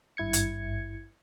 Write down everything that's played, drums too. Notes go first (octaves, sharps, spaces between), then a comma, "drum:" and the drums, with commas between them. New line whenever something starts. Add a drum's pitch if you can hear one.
G#1 G2 E4 G#6 C#7
drum: hi-hat